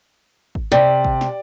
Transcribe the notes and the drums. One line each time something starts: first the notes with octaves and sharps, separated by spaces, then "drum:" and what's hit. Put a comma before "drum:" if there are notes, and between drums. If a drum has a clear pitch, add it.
drum: kick G#1
C3 D5
drum: kick G#1
drum: snare